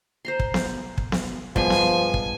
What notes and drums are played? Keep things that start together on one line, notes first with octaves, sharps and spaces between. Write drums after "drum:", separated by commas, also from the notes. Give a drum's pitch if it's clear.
C5 A#5 C6
drum: kick
drum: snare B3
drum: kick
drum: snare B3
G2 F3 G#3 B3 G#5, drum: kick
drum: snare B3
drum: kick